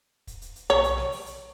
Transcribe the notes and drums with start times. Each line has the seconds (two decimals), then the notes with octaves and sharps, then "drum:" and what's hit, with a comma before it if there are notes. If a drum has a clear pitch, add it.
0.27 drum: kick, hi-hat
0.41 drum: hi-hat
0.56 drum: hi-hat
0.70 C#5, drum: tom B1
0.84 drum: hi-hat
0.98 drum: snare
1.12 drum: open hi-hat
1.26 drum: hi-hat